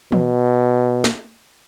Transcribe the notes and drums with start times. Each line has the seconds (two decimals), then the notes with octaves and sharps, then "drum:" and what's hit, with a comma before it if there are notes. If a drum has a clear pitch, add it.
0.12 B2, drum: tom
1.04 drum: snare